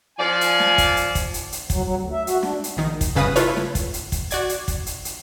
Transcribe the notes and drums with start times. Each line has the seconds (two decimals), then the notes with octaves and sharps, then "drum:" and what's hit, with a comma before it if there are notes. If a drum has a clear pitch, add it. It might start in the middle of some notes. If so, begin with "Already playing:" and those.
0.18 F3 D5 G#5
0.41 drum: hi-hat
0.60 drum: snare
0.78 drum: kick, hi-hat
0.97 drum: hi-hat
1.15 drum: kick, hi-hat
1.34 drum: hi-hat
1.52 drum: hi-hat
1.70 F#3, drum: kick, hi-hat
1.84 F#3
1.98 D2
2.12 E5
2.27 F#4, drum: hi-hat
2.43 D4, drum: snare
2.64 drum: hi-hat
2.77 A#1 D#3 D#4
3.01 drum: kick, hi-hat
3.15 G1 C#3 B4 F5 D#6
3.36 E4 F4 A4 B4 C#5, drum: hi-hat
3.56 drum: snare
3.75 drum: kick, hi-hat
3.94 drum: hi-hat
4.12 drum: kick, hi-hat
4.31 F#4 D5 G#6, drum: hi-hat
4.49 drum: hi-hat
4.68 drum: kick, hi-hat
4.86 drum: hi-hat
5.05 drum: hi-hat